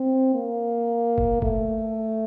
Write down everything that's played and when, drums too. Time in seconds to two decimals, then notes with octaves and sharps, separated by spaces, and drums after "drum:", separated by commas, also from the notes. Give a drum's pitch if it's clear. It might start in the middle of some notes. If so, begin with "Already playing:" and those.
Already playing: C4
0.35 A#3
1.18 drum: kick F1
1.42 A3, drum: kick F1